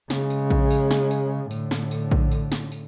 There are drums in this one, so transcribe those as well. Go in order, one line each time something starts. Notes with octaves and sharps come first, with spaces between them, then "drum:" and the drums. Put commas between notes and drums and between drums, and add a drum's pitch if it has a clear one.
C#3 G#3, drum: snare
drum: tambourine
drum: kick A#1
drum: tambourine
drum: snare
drum: tambourine
A2 D3, drum: tambourine
drum: snare
drum: tambourine
drum: kick A#1
drum: tambourine
drum: snare
drum: tambourine